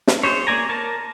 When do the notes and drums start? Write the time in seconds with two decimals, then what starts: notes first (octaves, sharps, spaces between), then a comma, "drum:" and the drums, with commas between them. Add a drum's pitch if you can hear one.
0.07 drum: snare
0.23 G#4 C5 C#5
0.47 A#3 D5 G#5 A#5
0.69 A#4 A5